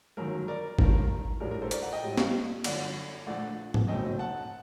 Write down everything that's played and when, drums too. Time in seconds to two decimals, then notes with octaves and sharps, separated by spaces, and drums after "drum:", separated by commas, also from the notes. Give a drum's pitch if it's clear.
0.17 G1 F#2 D#3 F#3 A#4
0.48 A#4 D5
0.79 G1 G2 D#3 A#4, drum: kick G#1
1.40 A#1 A2 G3 D4 A#4
1.51 A#4
1.62 A4 C5
1.71 A#4 D5, drum: hi-hat
1.82 D5 F#5
1.92 D#5 G5
2.03 A2 G3 C4
2.18 drum: snare
2.64 G1 F#2 D3 F#3 D5 F#5, drum: cymbal
3.26 A#1 A#2 A3 D4 D5 F#5
3.74 drum: tom
3.88 F#1 F#2 F#3 A3 C4 D#5 G5
4.19 F#5 A5